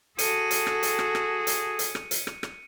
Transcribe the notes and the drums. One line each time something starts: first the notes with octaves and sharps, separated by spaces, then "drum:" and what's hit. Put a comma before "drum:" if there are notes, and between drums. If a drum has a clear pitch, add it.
F#4 G#4 A4 C#7 D#7, drum: hi-hat
drum: hi-hat
drum: rim click
drum: hi-hat
drum: rim click
drum: rim click
drum: hi-hat
drum: hi-hat
drum: rim click
drum: hi-hat
drum: rim click
drum: rim click